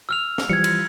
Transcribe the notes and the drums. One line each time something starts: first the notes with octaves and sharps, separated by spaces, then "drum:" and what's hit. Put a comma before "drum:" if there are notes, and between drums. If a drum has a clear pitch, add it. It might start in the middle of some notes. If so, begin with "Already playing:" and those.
E6 F6 F7
drum: snare
E3 F3 G3 G#6 C#7
drum: cymbal